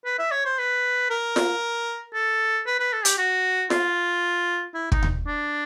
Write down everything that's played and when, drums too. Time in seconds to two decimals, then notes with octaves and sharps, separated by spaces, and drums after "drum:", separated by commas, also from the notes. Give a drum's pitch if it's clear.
0.05 B4
0.19 E5
0.31 C#5
0.45 C5
0.58 B4
1.10 A#4
1.36 drum: snare F4
2.14 A4
2.67 B4
2.80 B4
2.93 A4
3.05 G4, drum: hi-hat
3.18 F#4
3.70 F4, drum: snare F4
4.74 E4
4.92 D#4, drum: kick
5.03 drum: tom D#2
5.27 D4